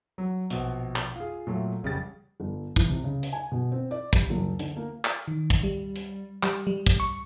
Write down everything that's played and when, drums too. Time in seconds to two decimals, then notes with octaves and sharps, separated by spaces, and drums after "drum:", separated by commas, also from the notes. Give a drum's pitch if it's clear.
0.18 F#3
0.50 A#1 B2, drum: hi-hat
0.96 drum: clap
1.16 F4 G#4
1.47 A#2 F#3 A3
1.83 F1 C#3 G3 A6
2.40 G1
2.76 E3, drum: kick, hi-hat
2.89 C3
3.04 C#3
3.23 drum: hi-hat
3.33 G#5
3.52 B2
3.72 C4
3.91 D5
4.13 G3, drum: kick, hi-hat
4.30 F#1
4.59 D3, drum: hi-hat
4.77 A#3
5.05 drum: clap
5.28 D#3
5.50 drum: kick, hi-hat
5.63 G3
5.96 drum: hi-hat
6.43 G3, drum: clap
6.67 G3
6.87 drum: kick, hi-hat
7.00 C#6